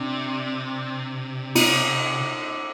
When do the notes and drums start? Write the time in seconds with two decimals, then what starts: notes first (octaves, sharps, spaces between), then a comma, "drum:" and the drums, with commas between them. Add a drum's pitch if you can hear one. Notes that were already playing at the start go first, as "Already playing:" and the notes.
Already playing: C3 D4
1.55 D#4, drum: cymbal